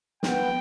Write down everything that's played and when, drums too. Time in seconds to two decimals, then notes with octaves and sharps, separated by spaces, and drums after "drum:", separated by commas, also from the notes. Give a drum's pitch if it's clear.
0.23 B3 G5, drum: snare